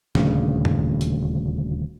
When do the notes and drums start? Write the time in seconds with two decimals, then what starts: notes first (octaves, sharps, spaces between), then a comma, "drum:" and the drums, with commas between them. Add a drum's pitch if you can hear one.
0.15 D#1 D2 C#3, drum: snare
0.65 drum: tom F#2
1.01 drum: hi-hat